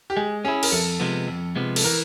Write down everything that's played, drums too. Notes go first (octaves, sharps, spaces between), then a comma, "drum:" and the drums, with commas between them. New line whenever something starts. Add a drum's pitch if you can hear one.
G4
G#3 G#4
C#4 E4 G#4
A#4, drum: cymbal
F2 A4
C3 F3 G#3 B3
F2
C3 F3 G#3 B3
A4, drum: cymbal
E3 A#4